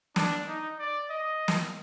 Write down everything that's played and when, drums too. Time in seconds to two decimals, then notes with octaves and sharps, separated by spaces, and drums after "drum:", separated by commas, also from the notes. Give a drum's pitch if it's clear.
0.16 D4, drum: snare
0.47 D#4
0.79 D5
1.10 D#5
1.48 drum: snare